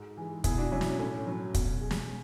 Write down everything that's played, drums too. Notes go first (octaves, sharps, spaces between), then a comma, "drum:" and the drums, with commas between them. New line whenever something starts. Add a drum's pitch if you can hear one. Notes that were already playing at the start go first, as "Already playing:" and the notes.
Already playing: G#2 F#4 A4
E3 G#3
B2 E4 G#4, drum: kick, hi-hat
D4 F#4
F#3 C#4 E4
drum: snare
A2 C#4
F#3
B2, drum: kick, hi-hat
G#3
drum: snare